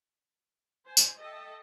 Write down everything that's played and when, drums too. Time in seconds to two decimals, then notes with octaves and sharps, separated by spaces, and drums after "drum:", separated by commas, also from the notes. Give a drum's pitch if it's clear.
0.85 C5 G#5
0.97 drum: tambourine
1.18 A4 D#5 E5 G5 A5